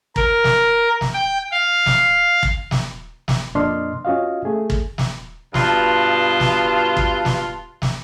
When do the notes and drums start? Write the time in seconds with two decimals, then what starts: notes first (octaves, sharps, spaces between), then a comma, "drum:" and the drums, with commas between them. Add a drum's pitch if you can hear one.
0.16 A#4, drum: kick
0.44 drum: snare
1.01 drum: snare
1.14 G5
1.51 F5
1.86 drum: snare
2.43 drum: kick
2.71 drum: snare
3.28 drum: snare
3.55 F2 A#2 D4 D#5 C6 F6
4.05 C#4 F4 F#4 D#5 F5
4.45 A3 G#4
4.70 drum: kick
4.98 drum: snare
5.54 G2 B2 F4 B4 A5, drum: snare
6.40 drum: snare
6.97 drum: kick
7.25 drum: snare
7.82 drum: snare